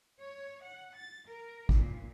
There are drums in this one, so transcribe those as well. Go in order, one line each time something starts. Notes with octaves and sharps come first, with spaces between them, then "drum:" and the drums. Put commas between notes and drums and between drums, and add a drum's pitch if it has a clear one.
C#5
F#5
A6
A#4
A#2, drum: kick